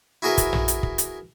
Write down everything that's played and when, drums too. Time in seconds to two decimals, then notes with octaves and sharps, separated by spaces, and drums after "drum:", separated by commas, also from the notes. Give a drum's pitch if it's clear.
0.22 E4 F#4 G#4 A#4 B4 E5
0.38 drum: kick, hi-hat
0.53 drum: tom
0.68 drum: hi-hat
0.83 drum: kick
0.98 drum: hi-hat